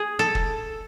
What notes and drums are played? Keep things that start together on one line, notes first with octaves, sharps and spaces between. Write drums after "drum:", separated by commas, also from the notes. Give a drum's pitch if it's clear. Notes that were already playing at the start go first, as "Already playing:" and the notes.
Already playing: G#4
A4
drum: kick